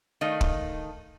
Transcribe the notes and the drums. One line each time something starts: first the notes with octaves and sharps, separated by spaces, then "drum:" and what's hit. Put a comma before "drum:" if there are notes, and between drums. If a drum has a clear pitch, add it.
D#3 A3 D#5 F5
drum: kick